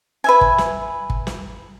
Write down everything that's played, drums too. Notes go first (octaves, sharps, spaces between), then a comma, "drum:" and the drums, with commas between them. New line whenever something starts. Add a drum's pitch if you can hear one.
B4 E5 G#5
drum: kick
drum: snare
drum: kick
drum: snare